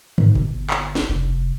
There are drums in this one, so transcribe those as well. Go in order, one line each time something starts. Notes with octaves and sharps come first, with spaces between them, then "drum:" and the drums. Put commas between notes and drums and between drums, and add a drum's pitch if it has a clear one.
G#2, drum: tom
G1, drum: tom A#2
drum: clap
drum: snare
F1